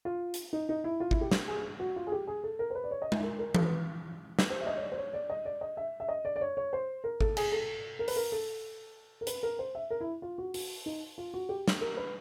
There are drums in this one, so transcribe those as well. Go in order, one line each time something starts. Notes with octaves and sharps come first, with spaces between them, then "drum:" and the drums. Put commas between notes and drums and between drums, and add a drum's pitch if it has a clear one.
F4
drum: hi-hat
D#4
D#4
E4
F4
E4, drum: kick G#1
G4
drum: snare
G#4
F#4
F4
G#4
G4
G#4
A4
A#4
C5
B4
D5
C#5
D#5
E5, drum: tom G#3
A#4
A#4
A4, drum: tom E3
B4
drum: snare
C5
E5
D#5
C#5
D5
C5
C#5
D5
D#5
D5
D#5
E5
E5
D#5
D5
D5
C#5
C#5
C5
A#4
A4, drum: kick G#1
G#4, drum: cymbal
A4
A#4
B4, drum: open hi-hat
A#4
A4
A#4
B4, drum: hi-hat
A#4
C5
E5
A#4
E4
F4
F#4
F#4, drum: open hi-hat
D#4
F4
F#4
G4
drum: snare
A#4
B4